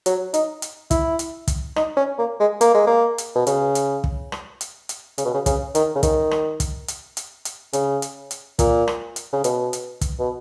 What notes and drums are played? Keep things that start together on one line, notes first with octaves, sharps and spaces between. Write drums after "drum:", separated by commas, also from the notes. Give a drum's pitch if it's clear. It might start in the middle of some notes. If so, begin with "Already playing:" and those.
F#3, drum: hi-hat
D#4, drum: hi-hat
drum: hi-hat
E4, drum: kick, hi-hat
drum: hi-hat
drum: kick, hi-hat
D#4, drum: rim click
C#4
A#3
G#3
A#3, drum: hi-hat
G#3
A#3
drum: hi-hat
B2
C#3, drum: hi-hat
drum: hi-hat
drum: kick
drum: rim click
drum: hi-hat
drum: hi-hat
C#3, drum: hi-hat
B2
C#3
C#3, drum: kick, hi-hat
D#3, drum: hi-hat
C#3
D#3, drum: kick, hi-hat
drum: rim click
drum: kick, hi-hat
drum: hi-hat
drum: hi-hat
drum: hi-hat
C#3, drum: hi-hat
drum: hi-hat
drum: hi-hat
A#2, drum: kick, hi-hat
drum: rim click
drum: hi-hat
C#3
B2, drum: hi-hat
drum: hi-hat
drum: kick, hi-hat
B2